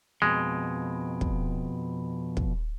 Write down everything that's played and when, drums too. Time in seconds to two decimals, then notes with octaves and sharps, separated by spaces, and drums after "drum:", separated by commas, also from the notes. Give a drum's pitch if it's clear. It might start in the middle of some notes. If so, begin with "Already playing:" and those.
0.22 F2 B2 G#3
1.21 drum: kick
2.37 drum: kick